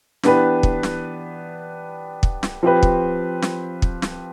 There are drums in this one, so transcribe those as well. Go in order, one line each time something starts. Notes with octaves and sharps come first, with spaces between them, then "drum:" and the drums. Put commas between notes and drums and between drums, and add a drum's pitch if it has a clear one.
E3 B3 D4 G4 B4, drum: snare
drum: kick
drum: snare
drum: kick
drum: snare
F3 C4 G4 B4
drum: kick
drum: snare
drum: kick
drum: snare